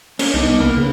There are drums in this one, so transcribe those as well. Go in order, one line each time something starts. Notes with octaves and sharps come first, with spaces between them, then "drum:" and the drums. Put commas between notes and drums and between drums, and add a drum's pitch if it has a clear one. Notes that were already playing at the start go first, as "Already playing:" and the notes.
A#3 C#4, drum: cymbal
C2 B3 D4 D#4
C2 A#3 B4
C#3